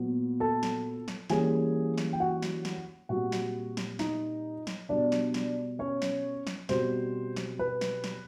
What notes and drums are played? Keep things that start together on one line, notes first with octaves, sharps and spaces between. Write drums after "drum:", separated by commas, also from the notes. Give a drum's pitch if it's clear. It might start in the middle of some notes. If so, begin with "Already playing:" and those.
Already playing: A#2 F#3 B3
A4 A5
drum: snare
drum: snare
E3 G3 A#3 C#4 G#4 G#5, drum: snare
drum: snare
G5
F#4 F#5
drum: snare
drum: snare
A#2 G3 C4 F#4 F#5
drum: snare
drum: snare
D#4 D#5, drum: snare
drum: snare
B2 G3 B3 D4 D5
drum: snare
drum: snare
C#4 C#5
drum: snare
drum: snare
B2 G3 C4 C5, drum: snare
drum: snare
B4
drum: snare
drum: snare